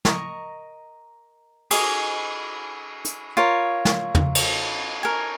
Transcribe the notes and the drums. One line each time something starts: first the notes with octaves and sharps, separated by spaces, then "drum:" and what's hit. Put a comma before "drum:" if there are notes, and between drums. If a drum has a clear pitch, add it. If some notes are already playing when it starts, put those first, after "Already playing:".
A#4 D#5 A#5 C#6, drum: snare
G#4 D#5 G#5, drum: cymbal
drum: hi-hat
F4 A#4 C#5
drum: snare
drum: tom
drum: cymbal
A#4 C#5 G#5